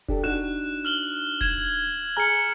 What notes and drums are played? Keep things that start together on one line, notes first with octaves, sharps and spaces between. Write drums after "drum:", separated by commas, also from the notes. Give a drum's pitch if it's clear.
D4 G4 A4, drum: kick F1
D4 D#4 F#4 F#6 E7
F6 F#7 G7
G#6 E7 F#7, drum: kick F1
G#4 G#5 A#5 F6 C#7